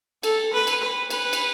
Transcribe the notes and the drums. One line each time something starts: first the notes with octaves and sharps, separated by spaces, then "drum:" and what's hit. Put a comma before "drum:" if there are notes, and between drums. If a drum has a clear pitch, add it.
A4, drum: cymbal
B4
drum: cymbal
B4
B4, drum: cymbal
drum: cymbal